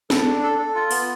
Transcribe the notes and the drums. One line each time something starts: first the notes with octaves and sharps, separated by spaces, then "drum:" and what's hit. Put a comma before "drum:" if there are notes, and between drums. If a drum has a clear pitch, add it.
A4, drum: snare
D4
A4
A4
F4
B3, drum: open hi-hat